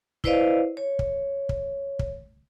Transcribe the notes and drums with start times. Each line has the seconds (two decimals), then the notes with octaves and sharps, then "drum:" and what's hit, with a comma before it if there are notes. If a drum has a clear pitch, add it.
0.24 E4 B4 C5 D5 D#5 F5, drum: kick
0.77 C#5
0.99 drum: kick
1.49 drum: kick
1.99 drum: kick